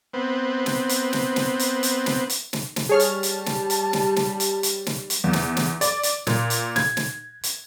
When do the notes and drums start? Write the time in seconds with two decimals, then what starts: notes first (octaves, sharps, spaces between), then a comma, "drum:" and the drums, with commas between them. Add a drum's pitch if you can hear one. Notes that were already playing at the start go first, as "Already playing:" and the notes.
0.13 B3 C4
0.66 drum: snare
0.89 drum: hi-hat
1.13 drum: snare
1.36 drum: snare
1.59 drum: hi-hat
1.83 drum: hi-hat
2.06 drum: snare
2.30 drum: hi-hat
2.53 drum: snare
2.76 drum: snare
2.89 G3 G#4 C#5 A5 F6
3.00 drum: hi-hat
3.23 drum: hi-hat
3.46 drum: snare
3.70 drum: hi-hat
3.93 drum: snare
4.16 drum: snare
4.40 drum: hi-hat
4.63 drum: hi-hat
4.86 drum: snare
5.10 drum: hi-hat
5.24 E2
5.33 drum: snare
5.57 drum: snare
5.81 D5, drum: hi-hat
6.03 drum: hi-hat
6.27 A#2, drum: snare
6.50 drum: hi-hat
6.76 G#6, drum: snare
6.97 drum: snare
7.43 drum: hi-hat